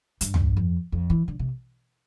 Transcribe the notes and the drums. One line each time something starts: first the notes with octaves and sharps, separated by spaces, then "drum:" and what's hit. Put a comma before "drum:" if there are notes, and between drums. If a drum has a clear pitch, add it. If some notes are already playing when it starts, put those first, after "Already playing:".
G2, drum: hi-hat
drum: tom
F2
F2
E3
D3
C3